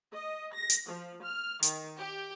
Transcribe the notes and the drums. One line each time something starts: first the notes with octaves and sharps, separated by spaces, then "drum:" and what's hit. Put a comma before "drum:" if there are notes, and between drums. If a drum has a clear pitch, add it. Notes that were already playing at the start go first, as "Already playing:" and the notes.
D#5
A#6
drum: hi-hat
F3
F6
D#3, drum: hi-hat
G4